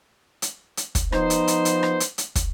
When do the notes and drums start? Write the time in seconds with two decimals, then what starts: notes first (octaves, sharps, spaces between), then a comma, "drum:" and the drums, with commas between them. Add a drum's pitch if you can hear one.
0.42 drum: hi-hat
0.77 drum: hi-hat
0.95 drum: kick, hi-hat
1.12 F3 B3 D#4 C5, drum: rim click
1.30 drum: hi-hat
1.48 drum: hi-hat
1.65 drum: hi-hat
1.83 drum: rim click
2.00 drum: hi-hat
2.18 drum: hi-hat
2.35 drum: kick, hi-hat